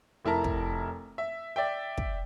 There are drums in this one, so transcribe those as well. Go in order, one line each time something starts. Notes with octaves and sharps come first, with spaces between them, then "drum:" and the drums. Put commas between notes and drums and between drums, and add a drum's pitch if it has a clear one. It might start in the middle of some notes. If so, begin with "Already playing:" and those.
F1 E4 A#4 A5 A#5
drum: kick
E5
D5 E5 G5
drum: kick